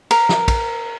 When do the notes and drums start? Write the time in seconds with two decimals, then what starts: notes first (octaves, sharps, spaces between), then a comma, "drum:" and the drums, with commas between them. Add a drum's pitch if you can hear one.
0.11 A#4, drum: cymbal
0.29 drum: snare
0.48 drum: kick, cymbal